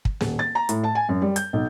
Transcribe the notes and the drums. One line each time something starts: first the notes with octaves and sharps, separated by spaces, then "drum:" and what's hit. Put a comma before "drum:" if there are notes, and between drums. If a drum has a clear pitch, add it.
drum: kick
D#1, drum: snare
A6
A#5
A2, drum: hi-hat
A5
G#5
F#2
G3
G6, drum: hi-hat
B1